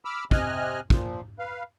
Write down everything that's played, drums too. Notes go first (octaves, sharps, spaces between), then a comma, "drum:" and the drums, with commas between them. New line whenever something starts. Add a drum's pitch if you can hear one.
B5 D6 E6 F6
C3 D#5 G#5 F6 F#6, drum: kick
A#2 F3, drum: kick
B4 F5